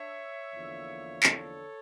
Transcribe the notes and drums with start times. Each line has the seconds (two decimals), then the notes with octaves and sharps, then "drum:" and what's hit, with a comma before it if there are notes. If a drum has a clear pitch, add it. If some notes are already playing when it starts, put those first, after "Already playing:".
Already playing: D4 C#5 E5
0.53 E2 D3 F3 A#3
1.23 A4 C#5, drum: clap